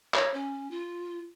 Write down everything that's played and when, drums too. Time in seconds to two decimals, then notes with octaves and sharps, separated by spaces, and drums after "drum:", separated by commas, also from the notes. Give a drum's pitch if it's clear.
0.14 C#5, drum: clap
0.34 C#4
0.71 F4